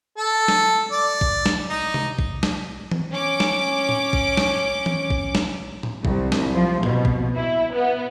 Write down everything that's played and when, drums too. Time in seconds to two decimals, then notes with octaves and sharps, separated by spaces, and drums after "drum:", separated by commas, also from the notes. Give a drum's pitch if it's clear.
0.18 A4
0.48 drum: snare
0.92 D5
1.21 drum: kick
1.46 drum: snare
1.70 D#4
1.94 drum: tom C3
2.19 drum: kick
2.43 drum: snare
2.91 drum: tom E3
3.12 C#4 D6
3.40 drum: snare
3.89 drum: tom A2
4.13 drum: kick
4.37 drum: snare
4.86 drum: tom E3
5.10 drum: kick
5.35 drum: snare
5.83 drum: tom A2
6.05 C2, drum: kick
6.32 drum: snare
6.53 F3
6.83 B2, drum: tom A2
7.05 drum: kick
7.37 E4
7.74 B3